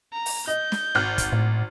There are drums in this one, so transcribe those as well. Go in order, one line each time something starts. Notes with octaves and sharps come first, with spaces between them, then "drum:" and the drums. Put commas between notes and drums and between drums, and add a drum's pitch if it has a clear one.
A#5
drum: open hi-hat
D#5 G6
drum: snare
G#1 F6
drum: kick, hi-hat
A2